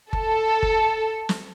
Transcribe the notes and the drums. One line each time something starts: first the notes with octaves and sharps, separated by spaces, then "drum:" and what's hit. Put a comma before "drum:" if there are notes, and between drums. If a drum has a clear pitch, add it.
A4, drum: kick G1
drum: kick G1
drum: snare